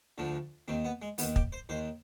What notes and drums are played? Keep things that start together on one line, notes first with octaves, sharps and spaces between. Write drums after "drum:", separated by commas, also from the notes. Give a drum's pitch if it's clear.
D2 D3 F3
D#2 D#3 C4
B3
G#3
D#2 D#3 B3, drum: open hi-hat
G4, drum: kick
C5
D#2 D#3 C5